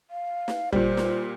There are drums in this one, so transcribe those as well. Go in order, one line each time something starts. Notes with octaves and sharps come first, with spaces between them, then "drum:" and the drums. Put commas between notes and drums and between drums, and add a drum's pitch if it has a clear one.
F5
drum: snare
A#2 G3 C5, drum: kick
drum: snare